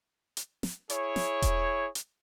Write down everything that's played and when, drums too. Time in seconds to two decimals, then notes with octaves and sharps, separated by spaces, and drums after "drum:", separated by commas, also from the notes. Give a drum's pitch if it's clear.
0.37 drum: hi-hat
0.63 drum: snare
0.90 E4 G#4 C#5, drum: hi-hat
1.16 drum: snare
1.42 drum: kick E1, hi-hat
1.95 drum: hi-hat